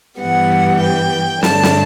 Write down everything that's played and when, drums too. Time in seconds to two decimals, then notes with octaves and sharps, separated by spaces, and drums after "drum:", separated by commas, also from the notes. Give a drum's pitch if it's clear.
0.19 G2 E3 G3 B3 F#5
0.81 G5
1.43 G2 D3 A3 D4 A5, drum: snare
1.63 drum: snare